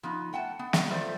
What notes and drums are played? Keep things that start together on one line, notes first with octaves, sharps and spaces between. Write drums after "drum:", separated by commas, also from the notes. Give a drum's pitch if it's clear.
F3 B3 D#4
A3 F#5 G5 A5
B3
drum: snare
F3 G3 A3 A4 C5 D5